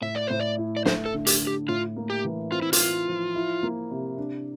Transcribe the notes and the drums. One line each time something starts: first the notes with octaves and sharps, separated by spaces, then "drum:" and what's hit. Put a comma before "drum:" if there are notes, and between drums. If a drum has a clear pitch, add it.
A2 E5
D5
A2 C5
D5
E4
D5
A3 C5, drum: snare
A4
D3
G4, drum: hi-hat
D3
G4
A2 F4
A#3
G4
E3
C4 F4
E4
F4, drum: hi-hat
E4
F3
E4
A#3
C3
D4